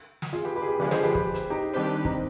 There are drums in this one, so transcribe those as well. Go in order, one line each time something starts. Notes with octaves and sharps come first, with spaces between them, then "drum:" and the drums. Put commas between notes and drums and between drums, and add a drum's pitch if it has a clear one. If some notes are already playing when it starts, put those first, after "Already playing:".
drum: snare
F4 G#4
G4 B4
G4 B4
G#4
G4 B4
D3 F3 G#3 G4 B4
G#4 C5, drum: snare
G4 B4
G4 B4, drum: kick
drum: hi-hat
D#4 G4
D#3 G3 C4 D4 G4 B4
C4 D#4, drum: kick